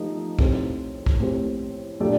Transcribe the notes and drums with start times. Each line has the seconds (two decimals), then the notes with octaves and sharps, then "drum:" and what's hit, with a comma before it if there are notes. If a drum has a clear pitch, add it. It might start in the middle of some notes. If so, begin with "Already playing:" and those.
Already playing: F3 A3 D#4 G4
0.39 A2 A3 C4 G4 C5, drum: kick
1.06 drum: kick
1.20 A2 A3 C4 G4 C5
2.00 A#2 A3 D4 G4 D5